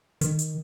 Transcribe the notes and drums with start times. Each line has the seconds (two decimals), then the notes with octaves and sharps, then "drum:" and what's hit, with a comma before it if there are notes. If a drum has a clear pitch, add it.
0.21 D#3, drum: hi-hat
0.39 drum: hi-hat